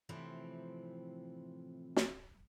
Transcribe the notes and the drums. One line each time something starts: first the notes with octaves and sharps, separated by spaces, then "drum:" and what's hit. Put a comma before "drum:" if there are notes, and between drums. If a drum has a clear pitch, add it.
A2 C3 E3 F3 C4 E4
drum: snare